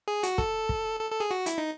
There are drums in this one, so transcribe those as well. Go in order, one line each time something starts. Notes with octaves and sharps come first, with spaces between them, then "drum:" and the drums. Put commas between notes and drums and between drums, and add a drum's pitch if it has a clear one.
G#4
F#4, drum: hi-hat
A4, drum: kick
drum: kick
A4
A4
G#4
F#4
E4, drum: hi-hat
D#4